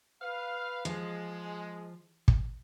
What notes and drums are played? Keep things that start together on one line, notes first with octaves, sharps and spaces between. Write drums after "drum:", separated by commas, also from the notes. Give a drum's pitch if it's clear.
B4 F5
F3 G#3
drum: kick